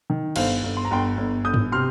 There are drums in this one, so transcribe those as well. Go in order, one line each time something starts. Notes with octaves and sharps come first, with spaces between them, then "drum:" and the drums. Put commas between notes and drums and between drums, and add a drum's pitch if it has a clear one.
D#3
G1 C5 F5, drum: cymbal
G1
C6
A#5
G1 G5 C6
G1
G1 D#6 G6
drum: tom G2
C3 C6 F6